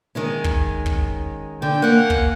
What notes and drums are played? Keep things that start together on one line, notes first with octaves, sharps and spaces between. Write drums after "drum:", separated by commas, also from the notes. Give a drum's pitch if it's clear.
D#3 G#3 C#4
drum: kick
drum: kick
D3 G5
A#3 C#4 F#5
drum: kick